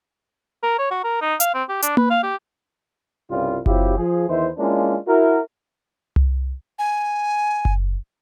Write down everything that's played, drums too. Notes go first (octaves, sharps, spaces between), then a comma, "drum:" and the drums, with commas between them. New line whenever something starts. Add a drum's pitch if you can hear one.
A#4
C#5
F#4
A#4
D#4
F5, drum: hi-hat
C4
G4
D4, drum: hi-hat
B4, drum: tom A#3
F5
G4
C2 G2 C#3 G3 F4
F#3 C4 E4 F4 G4, drum: kick F#1
F3 G#4
E2 D#3 E3 E4 C5
G#3 A#3 C#4 D4 E4 F4
E4 F#4 A#4
drum: tom C2
G#5
drum: kick F#1